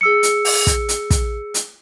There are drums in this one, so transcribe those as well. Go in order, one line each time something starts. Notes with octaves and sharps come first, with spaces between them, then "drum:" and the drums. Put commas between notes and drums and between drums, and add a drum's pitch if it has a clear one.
G#4 E6 C#7
drum: hi-hat
drum: open hi-hat
drum: kick, hi-hat
drum: hi-hat
drum: kick, hi-hat
drum: hi-hat